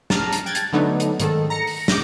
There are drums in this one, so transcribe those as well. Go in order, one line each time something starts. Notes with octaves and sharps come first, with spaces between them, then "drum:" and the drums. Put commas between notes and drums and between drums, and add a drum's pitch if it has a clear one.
A5 A#5 F6, drum: snare
drum: hi-hat
G5 F#6 G#6 A6
drum: hi-hat
D3 F#3 A3 B3 D4 D#4
drum: hi-hat
G#2 D#3 A4, drum: hi-hat
A#5 A#6 C#7
drum: open hi-hat
D6 G6 A#6, drum: snare